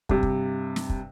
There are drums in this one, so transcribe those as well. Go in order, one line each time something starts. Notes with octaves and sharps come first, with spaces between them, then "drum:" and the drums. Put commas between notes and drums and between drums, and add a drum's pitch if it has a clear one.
G2 C3, drum: kick
drum: kick
drum: snare
drum: kick